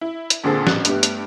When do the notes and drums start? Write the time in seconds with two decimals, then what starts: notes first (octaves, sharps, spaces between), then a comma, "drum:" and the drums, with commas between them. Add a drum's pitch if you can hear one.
0.01 E4
0.30 drum: hi-hat
0.44 A#1 A#2 D3 C4 G#4 A4
0.67 A1 F#6, drum: snare
0.85 G2 G3 A3 B3 G4, drum: hi-hat
1.03 drum: hi-hat